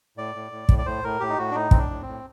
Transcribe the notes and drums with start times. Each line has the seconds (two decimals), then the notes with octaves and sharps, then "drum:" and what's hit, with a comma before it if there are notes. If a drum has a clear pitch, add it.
0.17 A2 D5
0.35 A2
0.52 A2
0.69 A2, drum: kick
0.78 D5
0.86 A2 C5
1.04 A2 A#4
1.20 A2 G4
1.29 D#4
1.38 A2 F#4
1.51 D4
1.55 A2 D#4
1.71 A2 C4, drum: kick
1.78 D4
1.90 A2
2.02 C4
2.07 A2